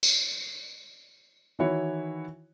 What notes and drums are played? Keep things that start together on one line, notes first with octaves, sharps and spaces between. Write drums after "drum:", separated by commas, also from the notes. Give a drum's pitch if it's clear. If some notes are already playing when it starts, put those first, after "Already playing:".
drum: tambourine
D#3 E3 E4 F#4 C#5